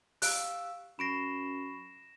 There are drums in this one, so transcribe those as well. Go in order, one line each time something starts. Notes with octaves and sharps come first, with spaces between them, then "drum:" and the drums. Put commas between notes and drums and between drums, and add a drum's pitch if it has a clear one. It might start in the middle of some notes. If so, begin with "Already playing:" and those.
G4 F5 E6 F#6, drum: open hi-hat
F#2 B5 C#6 A#6 C7 D7 E7